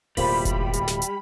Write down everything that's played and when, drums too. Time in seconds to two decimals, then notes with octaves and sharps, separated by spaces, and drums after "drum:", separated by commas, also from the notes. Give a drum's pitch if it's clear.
0.17 D1 B2 G3 A#3 F4 C5 B5, drum: open hi-hat
0.45 drum: kick F1, hi-hat
0.73 drum: hi-hat
0.88 drum: snare
1.02 drum: hi-hat